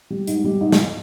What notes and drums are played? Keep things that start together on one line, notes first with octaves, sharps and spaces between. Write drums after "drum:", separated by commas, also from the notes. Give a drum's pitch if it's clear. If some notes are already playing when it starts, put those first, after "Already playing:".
G3
G#2, drum: hi-hat
G3
G#2
drum: snare